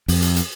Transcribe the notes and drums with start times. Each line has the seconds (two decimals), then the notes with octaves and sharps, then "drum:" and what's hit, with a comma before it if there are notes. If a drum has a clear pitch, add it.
0.08 F2, drum: open hi-hat
0.22 drum: hi-hat
0.36 drum: hi-hat